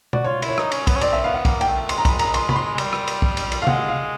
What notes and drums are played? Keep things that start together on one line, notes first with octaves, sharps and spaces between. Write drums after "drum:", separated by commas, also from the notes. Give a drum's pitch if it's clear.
F#4 D5, drum: tom B2
F4 C#5
E4, drum: cymbal
C#5
D#4, drum: rim click
C#4, drum: cymbal
B3, drum: kick, cymbal
C#4
C4 D5, drum: cymbal
E5
B3 F5
F#5
A#3 F#5, drum: kick, cymbal
G5, drum: cymbal
A3
G#3 C6, drum: cymbal
A#5
B5, drum: kick, cymbal
A#5, drum: cymbal
C6, drum: cymbal
B5, drum: tom C3
C6
G#3
G3, drum: cymbal
drum: rim click
drum: cymbal
drum: kick
drum: cymbal
drum: cymbal
A3 F5
G#3 F#5, drum: tom C3
F5